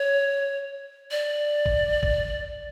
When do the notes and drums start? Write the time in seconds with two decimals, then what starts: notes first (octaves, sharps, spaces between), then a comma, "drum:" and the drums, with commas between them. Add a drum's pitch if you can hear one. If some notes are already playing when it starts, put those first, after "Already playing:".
Already playing: C#5
1.11 D5
1.66 drum: kick
2.03 drum: kick